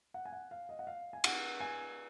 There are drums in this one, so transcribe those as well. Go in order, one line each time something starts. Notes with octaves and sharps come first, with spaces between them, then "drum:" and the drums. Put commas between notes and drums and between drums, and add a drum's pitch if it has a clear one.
F#5
G#5
F#5
F5
D#5
F#5
F5
G#5
F#5, drum: cymbal
G#5